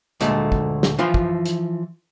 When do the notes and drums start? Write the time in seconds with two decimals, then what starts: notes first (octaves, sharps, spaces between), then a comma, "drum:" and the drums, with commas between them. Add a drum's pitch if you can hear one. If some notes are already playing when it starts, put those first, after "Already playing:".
0.21 D2 A#2 G#3 A3 A4, drum: hi-hat
0.52 drum: kick
0.83 drum: snare
0.98 E3 F3 F4 B5 C6
1.14 drum: kick
1.46 drum: hi-hat